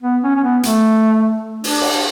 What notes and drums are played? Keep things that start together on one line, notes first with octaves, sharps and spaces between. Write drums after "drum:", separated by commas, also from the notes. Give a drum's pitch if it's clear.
B3
C#4
C#4
B3
A3, drum: hi-hat
D4, drum: open hi-hat
drum: cymbal